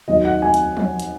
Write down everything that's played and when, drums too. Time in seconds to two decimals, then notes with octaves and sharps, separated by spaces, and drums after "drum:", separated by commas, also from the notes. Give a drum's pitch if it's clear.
0.08 D#2 D#3 F#3 D#5
0.25 F#5
0.42 G#5
0.54 drum: hi-hat
0.77 drum: tom F3
1.00 drum: hi-hat